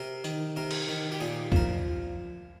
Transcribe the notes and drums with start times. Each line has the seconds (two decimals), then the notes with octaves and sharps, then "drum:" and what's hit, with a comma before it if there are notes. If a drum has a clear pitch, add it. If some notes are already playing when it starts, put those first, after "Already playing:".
Already playing: C3 A#4
0.24 D#3, drum: tambourine
0.56 C3 A#4
0.71 drum: cymbal
0.89 D#3
1.12 G4
1.20 A#2 G#4
1.52 F3 A#4, drum: kick